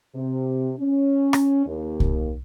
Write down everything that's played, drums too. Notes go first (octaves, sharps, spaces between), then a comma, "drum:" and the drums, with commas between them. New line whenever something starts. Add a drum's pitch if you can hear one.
C3
C#4
drum: rim click
D#2
drum: kick C2